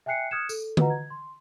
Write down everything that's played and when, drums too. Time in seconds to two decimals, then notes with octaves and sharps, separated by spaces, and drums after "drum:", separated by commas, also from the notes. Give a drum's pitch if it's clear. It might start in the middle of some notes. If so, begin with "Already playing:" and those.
0.06 E5 G5 G#5 F#6 C7 C#7
0.31 D#6 F6 F#6 G#6 C#7 E7
0.49 A4, drum: tambourine
0.77 F#4 B4 D#5 F#5 A#5, drum: tom D3
0.90 G#6
1.10 C6